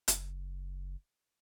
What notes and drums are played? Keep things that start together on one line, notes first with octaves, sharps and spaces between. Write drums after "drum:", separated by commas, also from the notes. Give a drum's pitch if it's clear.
F#1, drum: hi-hat